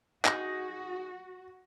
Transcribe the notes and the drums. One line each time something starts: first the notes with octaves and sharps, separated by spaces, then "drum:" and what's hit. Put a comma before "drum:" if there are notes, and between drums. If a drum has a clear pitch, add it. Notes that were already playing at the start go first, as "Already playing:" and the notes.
D#4 F#4 G#4 A#6, drum: clap